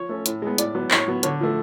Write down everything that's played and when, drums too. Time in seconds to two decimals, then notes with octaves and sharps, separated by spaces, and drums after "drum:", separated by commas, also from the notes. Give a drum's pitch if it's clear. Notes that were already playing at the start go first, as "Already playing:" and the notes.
Already playing: F3 C#5
0.09 A3 C#4
0.26 A2, drum: hi-hat
0.42 G#3 B3
0.58 A2 D5, drum: hi-hat
0.75 F#3 B3
0.91 A2 C#5, drum: clap
1.08 F#3 B3
1.23 D3 C#5, drum: hi-hat
1.41 F3 A3